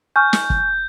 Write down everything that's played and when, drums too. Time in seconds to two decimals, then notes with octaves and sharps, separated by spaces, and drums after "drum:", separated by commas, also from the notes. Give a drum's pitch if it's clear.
0.16 G#5 C#6 F6 G6
0.33 drum: snare
0.50 drum: kick